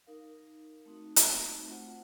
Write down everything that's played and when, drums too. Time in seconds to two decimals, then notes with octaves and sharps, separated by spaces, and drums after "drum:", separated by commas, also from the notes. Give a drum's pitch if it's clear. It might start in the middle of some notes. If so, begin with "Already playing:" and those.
0.07 D#4 A#4 F5
0.86 A3 C4 D#4 F#4
1.16 drum: hi-hat
1.66 A3 C4 F4 C5 F#5